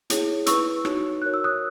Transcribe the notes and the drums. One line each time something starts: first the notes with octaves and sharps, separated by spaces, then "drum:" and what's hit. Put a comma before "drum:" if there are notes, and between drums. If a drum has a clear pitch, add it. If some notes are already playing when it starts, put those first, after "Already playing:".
E4 G#4 C#5, drum: hi-hat
E4 B4 C#6 E6, drum: hi-hat
D#4 F#4 C#5, drum: rim click
F#4 A#4 C#5 F#6
E6
D#6 F#6